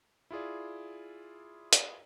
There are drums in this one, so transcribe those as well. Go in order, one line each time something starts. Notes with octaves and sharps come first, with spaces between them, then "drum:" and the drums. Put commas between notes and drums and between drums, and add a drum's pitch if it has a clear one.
E4 F4 G#4 D5
drum: hi-hat